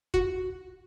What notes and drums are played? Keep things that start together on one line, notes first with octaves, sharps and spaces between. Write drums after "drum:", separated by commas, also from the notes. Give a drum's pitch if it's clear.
F#4, drum: kick